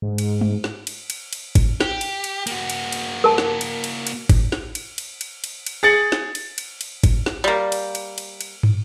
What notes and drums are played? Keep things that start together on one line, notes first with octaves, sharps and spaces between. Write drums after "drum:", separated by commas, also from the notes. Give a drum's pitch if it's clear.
G#2
drum: cymbal
drum: tom
drum: snare
drum: cymbal
drum: cymbal
drum: cymbal
drum: kick, cymbal
G4, drum: snare
drum: cymbal
drum: cymbal
A#3 F#4, drum: cymbal
drum: cymbal
drum: cymbal
A#4 A5
drum: snare
drum: cymbal
drum: cymbal
drum: cymbal
drum: kick, cymbal
drum: snare
drum: cymbal
drum: cymbal
drum: cymbal
drum: cymbal
drum: cymbal
G#4 A6 C#7 F#7
drum: snare
drum: cymbal
drum: cymbal
drum: cymbal
drum: kick, cymbal
drum: snare
G3 A#3
drum: cymbal
drum: cymbal
drum: cymbal
drum: cymbal
drum: tom